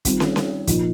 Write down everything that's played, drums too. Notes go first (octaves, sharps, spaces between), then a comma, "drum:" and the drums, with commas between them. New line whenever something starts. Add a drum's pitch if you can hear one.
D#3 G3 C4 F4, drum: kick, hi-hat
drum: snare
drum: snare
A#2 F3 A#3 D#4, drum: kick, hi-hat